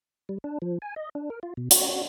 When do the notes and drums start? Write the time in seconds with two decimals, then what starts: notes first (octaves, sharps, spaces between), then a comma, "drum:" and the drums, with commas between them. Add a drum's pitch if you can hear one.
0.29 G3
0.44 D4
0.62 F3
0.82 G#5
0.96 D#5
1.15 D4
1.30 A#4
1.43 F4
1.57 B2
1.71 F#4, drum: hi-hat
1.89 F#4